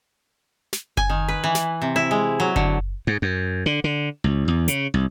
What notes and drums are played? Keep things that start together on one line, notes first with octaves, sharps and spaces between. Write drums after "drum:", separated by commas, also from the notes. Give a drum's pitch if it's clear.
drum: snare
G#5, drum: kick F#1
D#3
B4
E3
drum: snare
C3
E4
G#3
F#3
D3, drum: kick F#1
G#2
F#2
D3
D3
C#2
E2
C#3, drum: hi-hat
C2